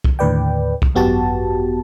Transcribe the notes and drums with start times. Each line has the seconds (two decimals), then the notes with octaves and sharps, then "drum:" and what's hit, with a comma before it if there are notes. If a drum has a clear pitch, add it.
0.04 drum: kick
0.19 D#2 A2 D3 B4 D5 G5
0.82 drum: kick
0.95 G#1 F#2 B3 F#4 G4 A5